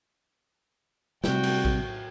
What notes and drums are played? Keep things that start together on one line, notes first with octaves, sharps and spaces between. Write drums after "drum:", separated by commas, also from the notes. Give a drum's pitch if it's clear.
C3 G3 F#4 G5, drum: snare
drum: cymbal
drum: kick A#1